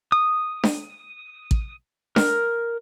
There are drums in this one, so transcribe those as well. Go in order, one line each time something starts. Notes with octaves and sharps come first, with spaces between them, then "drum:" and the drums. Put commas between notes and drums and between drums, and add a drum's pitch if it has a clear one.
D#6
drum: snare D4
drum: kick
A#4, drum: snare D4